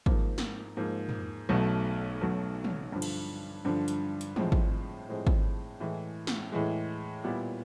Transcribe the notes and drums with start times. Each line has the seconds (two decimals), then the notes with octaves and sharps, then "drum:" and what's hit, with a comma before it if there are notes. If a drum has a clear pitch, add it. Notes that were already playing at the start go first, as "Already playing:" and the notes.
0.06 G#2 F3 A#3, drum: kick
0.38 drum: snare
0.77 G#2 F3 A#3
1.09 drum: tom
1.49 B1 B2 F#3 A3
2.21 B1 B2 F#3 A3
2.64 drum: tom
2.92 G2 D3 F3
3.02 drum: cymbal
3.65 G2 D3 F3
3.88 drum: hi-hat
4.21 drum: hi-hat
4.36 A2 F3 G#3 C4, drum: tom
4.52 drum: kick
5.08 A2 F3 G#3 C4
5.27 drum: kick
5.80 A2 E3 G#3
6.27 drum: snare
6.52 A2 E3 G#3
7.24 A#2 G3 B3 E4